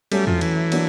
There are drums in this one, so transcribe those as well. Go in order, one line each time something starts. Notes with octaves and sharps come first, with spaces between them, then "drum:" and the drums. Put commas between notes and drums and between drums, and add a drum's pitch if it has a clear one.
F#3 G3 A3 C#4, drum: cymbal
F3, drum: tom E2
E3, drum: cymbal
F#3 A#3 D4, drum: cymbal